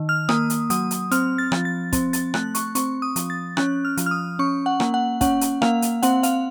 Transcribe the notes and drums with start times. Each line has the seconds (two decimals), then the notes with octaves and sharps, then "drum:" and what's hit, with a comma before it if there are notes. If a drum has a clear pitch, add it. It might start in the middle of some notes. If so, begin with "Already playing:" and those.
Already playing: D#3
0.09 F6
0.29 A#3 D#6, drum: rim click
0.50 drum: hi-hat
0.70 F#3 D#6, drum: hi-hat
0.91 drum: hi-hat
1.11 C4 F6, drum: hi-hat
1.38 A6
1.52 F3, drum: rim click
1.65 A6
1.93 C4, drum: kick, hi-hat
2.13 A6, drum: hi-hat
2.34 A3 F#6, drum: rim click
2.55 C#6, drum: hi-hat
2.75 C4 C#6, drum: hi-hat
3.02 D#6
3.16 F3, drum: hi-hat
3.30 A6
3.57 C#4 F#6, drum: rim click
3.85 F6
3.97 F3, drum: hi-hat
4.06 F6
4.11 D#6
4.39 C#4 C#6
4.66 F#5
4.80 A#3, drum: rim click
4.94 F#5
5.21 C#4 F#5, drum: kick, hi-hat
5.41 drum: hi-hat
5.62 A#3 F5, drum: rim click
5.82 drum: hi-hat
6.03 C4 F#5, drum: hi-hat
6.23 F5, drum: hi-hat